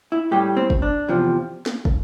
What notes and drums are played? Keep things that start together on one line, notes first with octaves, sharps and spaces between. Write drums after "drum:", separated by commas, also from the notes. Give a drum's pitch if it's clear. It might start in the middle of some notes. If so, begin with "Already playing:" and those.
E4
A2 G3 G4
C4
drum: kick
D4
E2 C3 F3
drum: snare
drum: kick